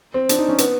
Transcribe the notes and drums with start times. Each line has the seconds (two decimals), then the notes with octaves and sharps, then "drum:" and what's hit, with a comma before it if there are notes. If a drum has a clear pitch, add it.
0.14 C4
0.29 D4, drum: hi-hat
0.39 D#4
0.49 C#4
0.58 B3, drum: hi-hat